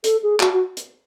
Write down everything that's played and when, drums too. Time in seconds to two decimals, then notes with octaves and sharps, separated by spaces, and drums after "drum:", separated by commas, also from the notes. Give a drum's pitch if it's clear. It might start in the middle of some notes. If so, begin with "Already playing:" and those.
0.04 A4, drum: hi-hat
0.23 G#4
0.40 F#4, drum: clap
0.53 F#4
0.77 drum: hi-hat